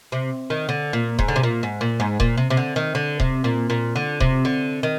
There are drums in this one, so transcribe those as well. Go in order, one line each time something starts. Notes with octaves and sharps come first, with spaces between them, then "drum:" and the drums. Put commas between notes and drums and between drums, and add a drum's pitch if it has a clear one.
C3
D#3
D3
A#2
G#2, drum: kick D#1
D3
C3
A#2
G#2
A#2
G#2
A#2, drum: kick D#1
C3
C3
D3
D#3
D3
C3, drum: kick D#1
A#2
A#2
D3
C3, drum: kick D#1
D3
D#3